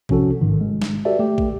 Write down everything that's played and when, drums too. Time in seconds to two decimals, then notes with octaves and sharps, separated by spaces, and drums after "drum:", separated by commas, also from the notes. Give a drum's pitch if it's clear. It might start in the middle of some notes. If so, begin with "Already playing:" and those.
0.09 C3 F3 C#4 F#4 A4, drum: kick
0.41 A1 G#2 D#3
0.61 G#3
0.82 drum: snare
1.05 F#4 G4 A4 B4 D5 E5
1.19 A3 G4
1.38 drum: kick